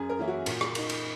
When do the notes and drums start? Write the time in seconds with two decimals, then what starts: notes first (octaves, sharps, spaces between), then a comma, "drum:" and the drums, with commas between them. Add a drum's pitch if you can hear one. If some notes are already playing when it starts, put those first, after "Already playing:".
Already playing: F#2 G#4
0.09 A#4
0.19 E3 A#3 C#4 E4
0.28 F#4
0.46 A#2, drum: cymbal
0.61 drum: rim click
0.75 A#3 D#4, drum: cymbal
0.89 drum: cymbal